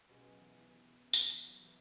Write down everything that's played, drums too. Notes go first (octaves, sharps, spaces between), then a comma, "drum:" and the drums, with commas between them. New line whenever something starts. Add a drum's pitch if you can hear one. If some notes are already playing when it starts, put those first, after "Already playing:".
B2 G#3 B3 C#4
F#3
E3
E3
E3
C#3
drum: tambourine
E3
F#3
E3